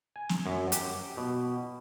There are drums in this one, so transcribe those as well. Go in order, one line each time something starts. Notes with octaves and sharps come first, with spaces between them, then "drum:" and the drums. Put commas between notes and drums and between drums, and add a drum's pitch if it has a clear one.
G#5
drum: snare
F#2
G4, drum: hi-hat
B2